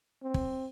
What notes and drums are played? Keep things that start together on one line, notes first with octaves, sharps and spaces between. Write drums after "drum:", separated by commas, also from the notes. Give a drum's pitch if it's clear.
C4
drum: kick